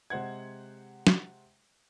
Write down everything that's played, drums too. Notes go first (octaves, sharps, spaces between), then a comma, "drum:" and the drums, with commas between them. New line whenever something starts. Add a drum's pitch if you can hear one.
C3 G#3 C5 F#5 G#6
drum: snare